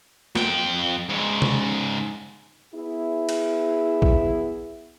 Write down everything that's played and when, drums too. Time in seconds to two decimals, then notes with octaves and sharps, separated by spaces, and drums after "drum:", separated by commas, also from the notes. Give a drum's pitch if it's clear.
0.35 F2 G5, drum: snare
1.10 G#2 C#3
1.42 drum: tom C3
2.74 B3 E4 G#4
3.29 drum: cymbal
4.02 drum: kick A#1